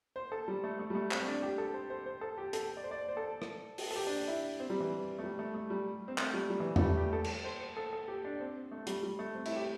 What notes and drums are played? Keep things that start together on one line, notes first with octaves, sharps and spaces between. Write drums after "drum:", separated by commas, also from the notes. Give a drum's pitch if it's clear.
C5
A4
G3
A3
A3
G3
A3
C4, drum: clap
C4
D4
G4
A4
C5
C5
C5
A4
G4
A4, drum: hi-hat
D5
C5
D5
C5
A4
drum: rim click
drum: open hi-hat
A4
G4
D4
D4
E4
C4
G3
E3
A3
G3
A3
A3
G3
C4
A3, drum: clap
G3
G3
E3
A3, drum: tom E2
G3
G4
A4
drum: cymbal
C5
C5
A4
A4
G4
D4
C4
A3
G3, drum: hi-hat
G3
A3
C4
E4, drum: cymbal
G4